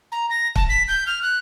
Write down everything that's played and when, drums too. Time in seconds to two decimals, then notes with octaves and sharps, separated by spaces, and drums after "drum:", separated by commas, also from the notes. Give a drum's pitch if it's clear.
0.12 A#5
0.30 A#6
0.56 A5, drum: kick
0.69 B6
0.88 G6
1.07 F6
1.22 F#6